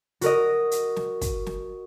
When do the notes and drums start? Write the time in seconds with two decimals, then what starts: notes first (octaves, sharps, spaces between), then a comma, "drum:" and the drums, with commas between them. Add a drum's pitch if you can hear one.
0.21 F#4 A#4 D#5, drum: hi-hat
0.71 drum: hi-hat
0.96 drum: snare
1.21 drum: kick, hi-hat
1.46 drum: snare